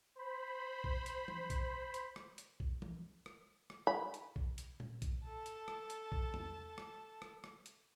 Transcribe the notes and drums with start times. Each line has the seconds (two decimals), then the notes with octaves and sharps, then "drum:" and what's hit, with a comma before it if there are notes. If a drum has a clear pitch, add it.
0.15 C5 B5
0.84 drum: kick B1
1.06 drum: hi-hat
1.28 drum: tom E3
1.50 drum: kick B1, hi-hat
1.94 drum: hi-hat
2.16 drum: rim click
2.38 drum: hi-hat
2.60 drum: kick B1
2.82 drum: tom E3
3.26 drum: rim click
3.70 drum: rim click
3.87 B5
4.14 drum: hi-hat
4.36 drum: kick B1
4.58 drum: hi-hat
4.80 drum: tom A#2
5.02 drum: kick B1, hi-hat
5.24 A4 A5
5.46 drum: hi-hat
5.68 drum: rim click
5.90 drum: hi-hat
6.12 drum: kick B1
6.34 drum: tom E2
6.78 drum: rim click
7.22 drum: rim click
7.44 drum: rim click
7.66 drum: hi-hat